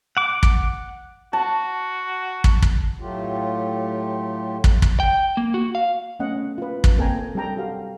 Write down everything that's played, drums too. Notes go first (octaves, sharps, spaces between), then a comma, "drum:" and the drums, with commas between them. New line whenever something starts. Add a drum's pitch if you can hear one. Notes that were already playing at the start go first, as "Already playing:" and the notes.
F#5 D6
drum: kick
F#4 A5
drum: kick
drum: kick
A2 F#3 A3 F4 G4
drum: kick
drum: kick
G5
A#3
F#4
F5
A3 B3 C#4 D#5 F#5
F4 B4
drum: kick
A#3 C4 A4 G5 G#5 A#5
G3 C4 G4 A4 G5 A#5
F#4 G4 F5